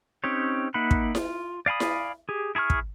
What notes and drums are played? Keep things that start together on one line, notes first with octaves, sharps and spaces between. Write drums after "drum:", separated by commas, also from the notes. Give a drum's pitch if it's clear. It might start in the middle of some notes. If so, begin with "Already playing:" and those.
C4 C#4 D#4 G4 C#5
A#3 D#4 E5 F#5 B5
drum: kick
F4, drum: snare E4
D5 F5 G#5 B5 D#6
drum: snare E4
G4 G#4
E4 G#4 A5 C#6 F6
drum: kick